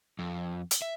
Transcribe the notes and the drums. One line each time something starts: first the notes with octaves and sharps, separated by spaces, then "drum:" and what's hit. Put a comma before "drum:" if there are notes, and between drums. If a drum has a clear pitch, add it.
F2
drum: hi-hat
E5